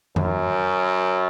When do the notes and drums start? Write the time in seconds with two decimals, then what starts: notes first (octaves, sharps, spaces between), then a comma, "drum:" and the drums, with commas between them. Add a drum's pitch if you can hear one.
0.16 F#2, drum: tom F2